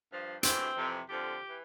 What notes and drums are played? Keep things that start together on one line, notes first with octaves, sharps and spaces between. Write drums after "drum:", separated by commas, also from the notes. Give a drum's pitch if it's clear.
G2 F3
D2 C3 E3 C4, drum: hi-hat
F2 C3 E3
F2 D3 F3 G4
E3